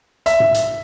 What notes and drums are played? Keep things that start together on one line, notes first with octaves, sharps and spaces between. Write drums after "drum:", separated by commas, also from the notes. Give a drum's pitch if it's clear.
E5, drum: hi-hat
drum: tom G#2
drum: hi-hat